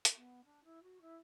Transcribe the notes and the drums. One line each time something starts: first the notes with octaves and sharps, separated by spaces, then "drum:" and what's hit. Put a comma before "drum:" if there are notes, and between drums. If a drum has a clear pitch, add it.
drum: hi-hat
B3
D4
E4
F#4
E4